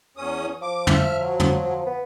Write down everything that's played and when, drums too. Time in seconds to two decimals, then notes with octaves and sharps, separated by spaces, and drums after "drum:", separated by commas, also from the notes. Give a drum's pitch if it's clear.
0.17 E2 C#4 D#6
0.62 F3 D6
0.87 E5 F6, drum: tom
1.19 F#3
1.40 drum: tom
1.86 B3